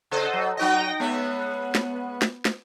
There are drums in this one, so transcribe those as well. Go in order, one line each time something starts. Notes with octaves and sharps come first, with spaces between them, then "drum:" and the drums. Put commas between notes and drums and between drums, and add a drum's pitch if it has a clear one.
C#3 A4 C5 D#5
F#3
F#3 D#4 F#4 D#5 G5 A#6
G#3 B3 C#4 E5
drum: snare
drum: snare
drum: snare